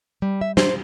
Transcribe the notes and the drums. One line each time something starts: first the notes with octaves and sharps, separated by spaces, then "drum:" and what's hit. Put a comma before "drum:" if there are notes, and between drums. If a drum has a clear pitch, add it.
G3
E5
C5, drum: snare D4